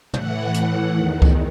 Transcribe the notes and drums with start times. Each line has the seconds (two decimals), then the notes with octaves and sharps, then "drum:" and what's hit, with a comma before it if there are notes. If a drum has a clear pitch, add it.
0.14 A2 E3 F#5, drum: tom
0.54 A2 E3, drum: hi-hat
0.95 E2 D#3
1.22 drum: kick C#2